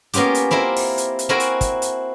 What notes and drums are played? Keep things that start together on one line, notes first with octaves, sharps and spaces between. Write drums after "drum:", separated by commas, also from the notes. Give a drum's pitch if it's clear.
A#3 B3 C#4 F4 G4, drum: hi-hat
drum: hi-hat
C4 E4 F4 A#4
drum: open hi-hat
drum: hi-hat
drum: hi-hat
C4 E4 F#4 A#4 G#5
drum: hi-hat
drum: kick, hi-hat
drum: hi-hat